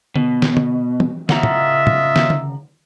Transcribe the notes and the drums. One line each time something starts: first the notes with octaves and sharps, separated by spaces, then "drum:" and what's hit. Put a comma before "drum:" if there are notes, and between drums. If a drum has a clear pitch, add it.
B2, drum: tom D3
drum: snare
drum: tom D3
drum: tom
C#3 F4 D#5 E5 F#5 A#5, drum: snare
drum: tom
drum: tom
drum: snare
drum: tom D3